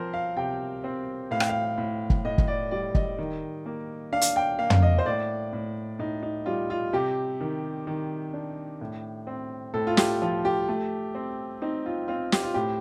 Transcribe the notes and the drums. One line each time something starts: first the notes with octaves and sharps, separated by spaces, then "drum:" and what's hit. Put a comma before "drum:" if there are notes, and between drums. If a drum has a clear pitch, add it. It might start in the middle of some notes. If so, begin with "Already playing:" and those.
Already playing: F3 C4 A#4 C5
F5
C3 G5
C4
A2 F5
G5, drum: rim click
F5
A2
drum: kick
A2 D#5
drum: kick
D5
G3 D5
D#5, drum: kick
D#3
A#3
D4 F5
drum: hi-hat
G5
A#3 F5
drum: tom
D#5
C5
A2 D5
A2
A2 D#4
D#4
G3 F4
F4
C3 G4
D#3
D#3
D4
A2
C4
A2 A4
F4
G4, drum: snare
F3 F4
G4
A3
C4
C4 D#4
F4
C4 F4
G4, drum: snare
F4
A2 G4